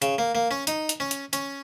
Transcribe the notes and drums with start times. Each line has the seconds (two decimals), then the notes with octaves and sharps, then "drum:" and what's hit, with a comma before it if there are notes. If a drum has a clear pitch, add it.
0.02 C#3, drum: hi-hat
0.18 A#3
0.35 A#3
0.51 C#4
0.67 D#4, drum: hi-hat
0.89 drum: hi-hat
1.00 C#4
1.11 drum: hi-hat
1.33 C#4, drum: hi-hat